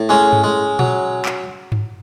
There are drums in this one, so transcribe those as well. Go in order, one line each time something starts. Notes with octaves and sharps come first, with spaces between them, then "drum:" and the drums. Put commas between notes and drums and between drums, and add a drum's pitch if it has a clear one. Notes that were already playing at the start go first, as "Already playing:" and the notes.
Already playing: A2
G#3 C#4
drum: tom G2
G#3
F#3, drum: tom A#2
drum: clap
drum: tom G2